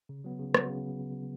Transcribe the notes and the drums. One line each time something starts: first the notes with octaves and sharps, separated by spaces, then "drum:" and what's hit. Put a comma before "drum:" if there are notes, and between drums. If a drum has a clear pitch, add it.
C#3
F#3 B3
C#3
F#3 B3, drum: rim click
C#3